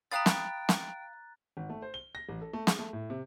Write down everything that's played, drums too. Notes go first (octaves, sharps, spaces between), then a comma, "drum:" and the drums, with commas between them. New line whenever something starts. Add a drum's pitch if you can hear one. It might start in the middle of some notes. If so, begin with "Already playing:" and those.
F5 G5 A#5 B5 D#6 F#6 A6
drum: snare
drum: snare
G#1
A3
C5
G7
A#6
A1
A4
A3
G#4, drum: snare
A3
A2
C3